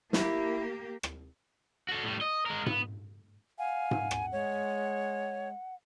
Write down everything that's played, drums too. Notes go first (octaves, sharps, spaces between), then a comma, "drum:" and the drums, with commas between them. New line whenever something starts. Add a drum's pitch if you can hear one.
A#3 E4 G4, drum: snare
drum: rim click
F#4 A4
A2 G3
D#5
G#3 A#4
B3, drum: tom G#2
F5 F#5 G#5
drum: tom G#2
drum: rim click
G#3 C#5